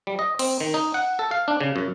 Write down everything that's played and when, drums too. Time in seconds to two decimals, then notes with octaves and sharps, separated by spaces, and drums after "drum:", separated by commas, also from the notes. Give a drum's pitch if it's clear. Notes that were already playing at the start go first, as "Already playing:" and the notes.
0.07 G3
0.19 D#5
0.39 C4, drum: cymbal
0.61 D#3
0.74 D#4
0.94 F#5
1.19 A4
1.31 F5
1.48 D4
1.61 C#3
1.76 F#2